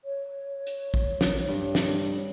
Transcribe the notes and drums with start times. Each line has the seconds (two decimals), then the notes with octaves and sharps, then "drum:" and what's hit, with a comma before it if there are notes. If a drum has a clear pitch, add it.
0.05 C#5
0.67 drum: hi-hat
0.94 drum: kick
1.21 drum: snare
1.48 G2
1.75 drum: snare